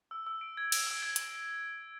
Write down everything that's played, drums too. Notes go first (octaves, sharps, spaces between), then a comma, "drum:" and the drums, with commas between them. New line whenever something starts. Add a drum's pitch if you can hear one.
E6
E6
D7
G#6
D7, drum: cymbal
E6
G#6
drum: hi-hat